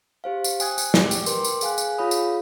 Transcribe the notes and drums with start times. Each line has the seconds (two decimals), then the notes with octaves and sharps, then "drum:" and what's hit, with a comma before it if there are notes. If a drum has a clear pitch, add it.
0.24 G4 C5 F5
0.44 drum: tambourine
0.60 G5 G#5 D#6 F#6 G#6, drum: tambourine
0.78 drum: tambourine
0.94 G4 G5 D6, drum: snare
1.11 drum: tambourine
1.26 A#4 B4 G5 C6 D6, drum: tambourine
1.44 drum: tambourine
1.61 G#4 F5 G#5 F#6, drum: tambourine
1.78 drum: tambourine
1.98 F4 G#4 C#5 F5 B5 D#6
2.11 drum: tambourine